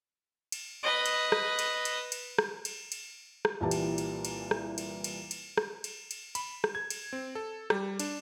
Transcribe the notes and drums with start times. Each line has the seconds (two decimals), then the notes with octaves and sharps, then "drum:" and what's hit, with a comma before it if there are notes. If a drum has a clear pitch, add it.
0.52 drum: cymbal
0.83 B4 D#5
1.06 drum: cymbal
1.32 drum: rim click
1.59 drum: cymbal
1.85 drum: cymbal
2.12 drum: cymbal
2.38 drum: rim click
2.65 drum: cymbal
2.92 drum: cymbal
3.45 drum: rim click
3.60 C2 A#2 E3 G3 A5
3.71 drum: cymbal
3.98 drum: cymbal
4.25 drum: cymbal
4.51 drum: rim click
4.78 drum: cymbal
5.04 drum: cymbal
5.31 drum: cymbal
5.58 drum: rim click
5.84 drum: cymbal
6.11 drum: cymbal
6.35 B5, drum: cymbal
6.64 drum: rim click
6.75 G#6
6.90 drum: cymbal
7.13 C4
7.35 A4
7.70 G3, drum: rim click
8.00 D4, drum: cymbal